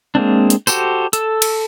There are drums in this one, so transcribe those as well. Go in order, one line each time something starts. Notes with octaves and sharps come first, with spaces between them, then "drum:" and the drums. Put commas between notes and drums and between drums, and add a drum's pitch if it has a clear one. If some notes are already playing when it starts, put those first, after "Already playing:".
G#3 A#3 C4 D4
drum: hi-hat
F#4 G4 A4 C5, drum: tambourine
A4 E6, drum: hi-hat
drum: cymbal